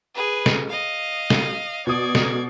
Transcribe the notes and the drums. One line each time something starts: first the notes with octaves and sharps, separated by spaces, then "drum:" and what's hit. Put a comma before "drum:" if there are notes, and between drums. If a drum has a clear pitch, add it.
G#4 B4
drum: snare
D#5 F5
drum: snare
B2 D5 D#6 G#6
drum: snare